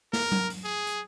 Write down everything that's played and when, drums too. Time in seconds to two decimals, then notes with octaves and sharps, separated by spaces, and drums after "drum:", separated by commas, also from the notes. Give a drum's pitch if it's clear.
0.13 A#4, drum: snare
0.32 drum: tom F#3
0.50 drum: open hi-hat
0.65 G#4
0.87 drum: hi-hat